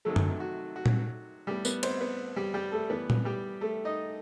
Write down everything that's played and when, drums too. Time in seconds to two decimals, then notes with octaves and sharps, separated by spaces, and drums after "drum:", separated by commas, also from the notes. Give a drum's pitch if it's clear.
0.05 C3 D#3 F#3 A3 A4
0.16 drum: tom F#2
0.40 F#4
0.76 F#4
0.86 drum: tom A#2
1.47 A2 G3 B3 G4
1.65 B3 B4, drum: tambourine
1.83 C4 C5, drum: cymbal
2.01 B3 B4
2.36 G3 G4
2.54 G3 G4
2.72 A3 A4
2.89 A2 E3 G3 B3 B4
3.10 drum: tom A#2
3.25 G3 G4
3.61 A3 A4
3.85 D#4 D#5